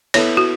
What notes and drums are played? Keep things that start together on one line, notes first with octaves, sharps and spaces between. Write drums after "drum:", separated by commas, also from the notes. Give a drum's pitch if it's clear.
B3 E4 A4 C#5, drum: cymbal
F#4